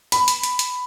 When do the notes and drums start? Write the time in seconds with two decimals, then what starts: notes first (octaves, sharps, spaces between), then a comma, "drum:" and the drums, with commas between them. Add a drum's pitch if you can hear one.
0.12 B5, drum: hi-hat
0.28 drum: hi-hat
0.43 drum: hi-hat
0.59 drum: hi-hat